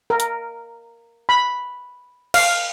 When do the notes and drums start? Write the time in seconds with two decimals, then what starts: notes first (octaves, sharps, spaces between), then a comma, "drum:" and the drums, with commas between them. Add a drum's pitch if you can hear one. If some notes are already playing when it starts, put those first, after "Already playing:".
0.10 A#4
0.20 drum: hi-hat
1.29 B5
2.34 F5, drum: cymbal